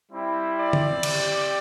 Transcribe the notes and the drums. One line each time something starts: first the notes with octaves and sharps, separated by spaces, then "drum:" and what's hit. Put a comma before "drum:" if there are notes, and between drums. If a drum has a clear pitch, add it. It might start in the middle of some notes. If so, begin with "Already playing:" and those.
G3 C4 E4
D5
drum: tom D3
C4 G4, drum: cymbal